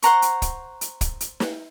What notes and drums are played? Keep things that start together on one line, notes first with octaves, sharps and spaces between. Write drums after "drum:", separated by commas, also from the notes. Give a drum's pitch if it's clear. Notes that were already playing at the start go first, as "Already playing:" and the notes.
C5 F#5 A#5 C#6, drum: hi-hat
drum: hi-hat
drum: kick, hi-hat
drum: hi-hat
drum: kick, hi-hat
drum: hi-hat
drum: snare